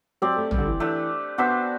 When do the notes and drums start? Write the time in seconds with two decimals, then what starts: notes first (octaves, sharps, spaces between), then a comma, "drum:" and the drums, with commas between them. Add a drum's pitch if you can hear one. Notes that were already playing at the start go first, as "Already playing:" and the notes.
0.22 F#3 C4 G4 D5
0.36 A3
0.51 G3, drum: tom
0.58 D3
0.66 E3
0.80 E3 A3 D4 G4
1.38 B3 D4 F#4 C5 E5